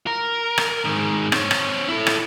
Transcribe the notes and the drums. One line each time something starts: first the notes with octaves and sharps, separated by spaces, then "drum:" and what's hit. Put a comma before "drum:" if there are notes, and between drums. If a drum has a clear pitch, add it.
A#4
drum: rim click
G#2 D#3
C4 C#5, drum: rim click
drum: rim click
E4 A4
drum: rim click